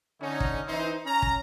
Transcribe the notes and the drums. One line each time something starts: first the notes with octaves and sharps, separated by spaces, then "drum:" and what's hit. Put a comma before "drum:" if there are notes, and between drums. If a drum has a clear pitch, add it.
D3 C#4 D#4
drum: kick
E3 D#4 C5
C#4 A#5
drum: kick